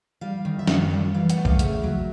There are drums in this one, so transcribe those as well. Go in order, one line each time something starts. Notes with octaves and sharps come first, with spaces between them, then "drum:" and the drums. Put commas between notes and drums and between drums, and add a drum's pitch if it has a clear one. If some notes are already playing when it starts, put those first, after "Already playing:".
G3 F5
D#3
E5
F#2 F5, drum: snare
G3
E3 F5
F#5, drum: hi-hat
A3
F5, drum: kick
C#3 E5, drum: hi-hat
F#3